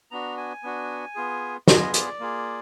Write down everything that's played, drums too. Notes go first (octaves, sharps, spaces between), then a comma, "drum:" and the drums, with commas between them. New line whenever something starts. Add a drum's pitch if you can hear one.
B3 D4 F#4 A#5
G#5
B3 D4 F#4
B3 F4 G#4
B3 F4 G#4 D#5, drum: snare
D5, drum: hi-hat
A#3 F4 G#4